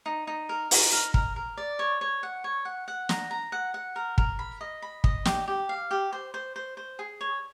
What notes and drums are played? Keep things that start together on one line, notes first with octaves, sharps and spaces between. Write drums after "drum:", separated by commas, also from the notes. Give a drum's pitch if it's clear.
D#4
D#4
A#4
D#4, drum: open hi-hat
A#4
A#4, drum: kick
A#4
D5
C#5
C#5
F#5
C#5
F#5
F#5
A#5, drum: snare
A#5
F#5
F#5
A#4
A#4, drum: kick
B5
D#5
B5
D#5, drum: kick
G4, drum: snare
G4
F5
G4
C5
C5
C5
C5
G#4
C#5